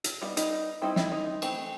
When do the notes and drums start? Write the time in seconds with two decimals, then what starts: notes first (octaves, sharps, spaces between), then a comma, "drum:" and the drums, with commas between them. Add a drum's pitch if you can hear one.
0.04 drum: hi-hat
0.22 G3 B3 D#4 F4
0.37 D#4, drum: hi-hat
0.82 G3 C4 D#4 E4
0.96 E4, drum: snare
1.12 D#4
1.42 E3 A3 C4, drum: cymbal